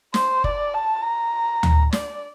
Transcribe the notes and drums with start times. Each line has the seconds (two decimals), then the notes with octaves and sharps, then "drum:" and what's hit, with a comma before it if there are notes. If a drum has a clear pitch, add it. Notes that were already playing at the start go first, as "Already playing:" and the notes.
0.14 C5, drum: snare
0.44 D5, drum: kick F#1
0.74 A5
1.03 A#5
1.63 drum: tom D2
1.93 D5, drum: snare